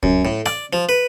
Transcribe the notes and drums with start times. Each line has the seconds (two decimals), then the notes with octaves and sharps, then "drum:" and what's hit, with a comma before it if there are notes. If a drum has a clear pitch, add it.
0.03 F#2, drum: kick C#2
0.25 A2
0.46 D5, drum: rim click
0.73 F3
0.89 B4